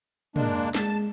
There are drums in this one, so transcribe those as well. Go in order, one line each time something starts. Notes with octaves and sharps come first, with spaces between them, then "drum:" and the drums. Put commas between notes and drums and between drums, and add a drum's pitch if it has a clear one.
G#3 A#3 D4, drum: tom
G#3 A5, drum: snare